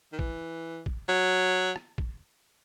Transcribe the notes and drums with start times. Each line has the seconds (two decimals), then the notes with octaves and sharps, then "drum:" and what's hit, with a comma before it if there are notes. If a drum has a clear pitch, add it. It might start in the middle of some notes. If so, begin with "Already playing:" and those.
0.12 D#3
0.19 E3, drum: kick
0.86 drum: kick
1.08 F#3
1.76 drum: rim click
1.98 drum: kick